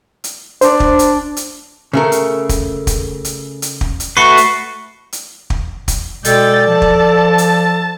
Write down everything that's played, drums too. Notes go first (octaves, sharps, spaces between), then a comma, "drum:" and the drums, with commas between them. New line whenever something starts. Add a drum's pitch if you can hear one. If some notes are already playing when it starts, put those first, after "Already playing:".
drum: hi-hat
D4 C5, drum: hi-hat
drum: kick
drum: hi-hat
drum: hi-hat
C#3 A3 A#4
drum: hi-hat
drum: kick, hi-hat
drum: kick, hi-hat
drum: hi-hat
drum: hi-hat
drum: kick
drum: hi-hat
A3 F#4 B4 C#6 C7
drum: hi-hat
drum: hi-hat
drum: kick
drum: kick, hi-hat
B2 G#3 A4 D5 G5 A6, drum: hi-hat
F3 A5
drum: kick
drum: hi-hat